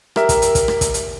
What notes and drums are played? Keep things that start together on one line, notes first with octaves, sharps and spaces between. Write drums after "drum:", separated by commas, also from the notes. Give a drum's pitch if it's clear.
G4 A#4 E5, drum: rim click
drum: kick, hi-hat
drum: hi-hat
drum: kick, hi-hat
drum: rim click
drum: kick, hi-hat
drum: hi-hat